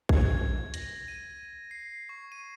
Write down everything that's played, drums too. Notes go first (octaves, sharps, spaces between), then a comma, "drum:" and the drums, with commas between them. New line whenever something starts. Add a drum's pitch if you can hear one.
G#6, drum: kick
A#6, drum: hi-hat
D#7
C7
C#6
D#7